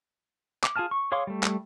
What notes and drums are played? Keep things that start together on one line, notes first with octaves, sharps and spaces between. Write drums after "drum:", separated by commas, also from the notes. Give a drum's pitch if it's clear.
D6, drum: clap
F4 G#4 G#5 A5 F6
C#6
G#4 C#5 F5 C6 D6
G3 A3
drum: clap